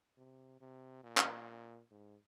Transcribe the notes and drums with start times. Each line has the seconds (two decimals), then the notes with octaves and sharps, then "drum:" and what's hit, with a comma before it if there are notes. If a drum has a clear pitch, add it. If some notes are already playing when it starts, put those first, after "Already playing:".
0.18 C3
0.61 C3
1.04 A#2
1.17 drum: clap
1.91 G#2